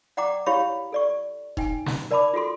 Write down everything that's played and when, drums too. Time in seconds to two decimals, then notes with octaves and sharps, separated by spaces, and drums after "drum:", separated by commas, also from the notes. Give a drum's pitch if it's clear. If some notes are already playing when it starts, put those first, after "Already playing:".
0.17 D5 F#5 G5 A#5 D6
0.46 E4 G4 C#5 F5 B5 C#6
0.92 A4 D5 C#6
1.57 D#4 G5 G#5, drum: kick F1
1.86 drum: snare
2.11 A#4 D5 A5 B5 D6
2.34 F4 F#4 A4 C6